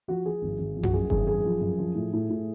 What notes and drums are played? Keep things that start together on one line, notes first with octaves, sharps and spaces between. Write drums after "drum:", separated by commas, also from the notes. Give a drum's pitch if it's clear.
F3 F#4
F3 G#4
G#1
G#1
F3
F#4, drum: tom F#2
F#2 G#4
G#1 G#4, drum: kick F#1
F#2 G#4
F3
F#2
F3
A2
A2
A2